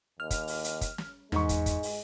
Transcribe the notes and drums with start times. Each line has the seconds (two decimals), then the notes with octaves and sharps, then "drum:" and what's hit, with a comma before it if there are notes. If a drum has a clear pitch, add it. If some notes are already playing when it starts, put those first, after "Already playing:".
0.20 D#2 F6
0.31 drum: kick, hi-hat
0.47 drum: open hi-hat
0.64 drum: hi-hat
0.81 drum: kick, hi-hat
0.98 drum: snare
1.32 E2 G#2 G#3 C#6, drum: snare
1.49 drum: kick, hi-hat
1.66 drum: kick, hi-hat
1.83 drum: open hi-hat